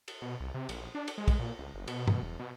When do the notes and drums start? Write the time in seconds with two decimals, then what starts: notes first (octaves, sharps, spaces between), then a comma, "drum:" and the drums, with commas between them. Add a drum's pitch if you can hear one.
0.08 drum: cymbal
0.22 B2
0.40 C2
0.54 C3
0.69 A#1, drum: cymbal
0.95 D4
1.08 drum: cymbal
1.18 G#3
1.28 drum: kick, cymbal
1.39 A#2
1.59 C#2
1.74 F#1
1.88 B2, drum: cymbal
2.08 drum: tom G2
2.22 E1
2.39 B2